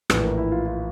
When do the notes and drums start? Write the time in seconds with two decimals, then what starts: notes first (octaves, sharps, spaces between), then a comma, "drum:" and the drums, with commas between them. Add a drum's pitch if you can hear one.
0.10 A#1 A2 E3 B4, drum: rim click
0.24 A#4
0.38 E4
0.52 F4
0.66 F4